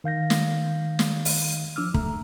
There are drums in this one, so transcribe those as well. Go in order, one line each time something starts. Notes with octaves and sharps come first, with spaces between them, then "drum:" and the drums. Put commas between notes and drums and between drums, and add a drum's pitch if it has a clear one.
D#3 F5 G6 A#6
drum: snare
drum: snare
drum: open hi-hat
F3 D4 D6 E6 F6
A3 A#5, drum: kick